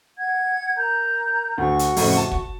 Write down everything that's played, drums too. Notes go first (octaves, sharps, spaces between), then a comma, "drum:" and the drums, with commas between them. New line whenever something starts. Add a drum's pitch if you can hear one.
F#5 G#6
A#4 A#5 G6
D2 F#4 F#5 C#6
drum: hi-hat
F2 A2 C#3, drum: open hi-hat
A5
drum: kick